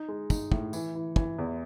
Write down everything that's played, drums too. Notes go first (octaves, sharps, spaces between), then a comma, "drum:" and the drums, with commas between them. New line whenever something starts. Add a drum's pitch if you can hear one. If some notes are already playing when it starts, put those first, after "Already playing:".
Already playing: D#4
G#3
D#4, drum: kick, tambourine
A2, drum: kick
E3, drum: tambourine
E3
E3, drum: kick
E2